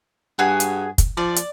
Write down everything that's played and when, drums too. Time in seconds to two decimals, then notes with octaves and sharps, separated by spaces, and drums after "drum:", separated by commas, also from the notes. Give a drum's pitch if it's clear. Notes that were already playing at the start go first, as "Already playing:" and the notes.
0.39 G2 F#4 G#4 G#5
0.60 drum: hi-hat
0.98 drum: kick, hi-hat
1.17 F3 D5
1.36 drum: hi-hat